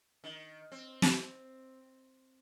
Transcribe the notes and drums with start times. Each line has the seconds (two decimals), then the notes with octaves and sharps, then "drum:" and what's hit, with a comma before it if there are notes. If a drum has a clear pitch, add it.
0.24 D#3
0.72 C4
1.02 drum: snare